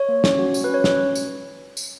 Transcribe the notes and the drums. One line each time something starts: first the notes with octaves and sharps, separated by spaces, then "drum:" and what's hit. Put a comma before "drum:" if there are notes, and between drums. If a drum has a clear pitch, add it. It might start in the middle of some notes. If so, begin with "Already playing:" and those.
Already playing: C#5
A#3
C#4, drum: snare
F#4
F#4, drum: tambourine
B4
C#4 C#5
C#4, drum: snare
drum: tambourine
drum: tambourine